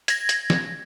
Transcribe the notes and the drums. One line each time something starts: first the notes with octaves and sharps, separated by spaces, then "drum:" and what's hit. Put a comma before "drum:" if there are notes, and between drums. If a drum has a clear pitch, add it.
G#6 A#6, drum: hi-hat
drum: hi-hat
drum: snare